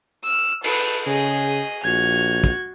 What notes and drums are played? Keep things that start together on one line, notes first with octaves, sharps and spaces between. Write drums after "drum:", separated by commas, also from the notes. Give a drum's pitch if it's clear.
E6 F6
A4 B4, drum: cymbal
C#3 G#4 D#5
A#1 F#4 G#6 F7
drum: kick